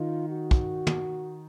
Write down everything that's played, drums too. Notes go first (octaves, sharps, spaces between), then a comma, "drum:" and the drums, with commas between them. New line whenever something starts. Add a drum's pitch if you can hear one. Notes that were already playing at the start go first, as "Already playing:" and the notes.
Already playing: D#3 D#4 F4
F#4
drum: kick
drum: tom